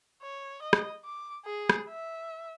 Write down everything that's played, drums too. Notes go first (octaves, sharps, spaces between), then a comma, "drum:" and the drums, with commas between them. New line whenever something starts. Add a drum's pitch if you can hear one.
C#5
D#5
drum: rim click
D6
G#4
drum: rim click
E5